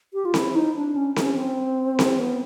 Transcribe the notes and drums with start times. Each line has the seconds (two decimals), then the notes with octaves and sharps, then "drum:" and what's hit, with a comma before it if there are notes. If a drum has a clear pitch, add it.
0.14 G4
0.25 F4
0.34 E4, drum: snare C4
0.55 D#4
0.75 D4
0.96 C#4
1.16 C#4, drum: snare C4
1.36 C4
1.99 drum: snare C4
2.19 B3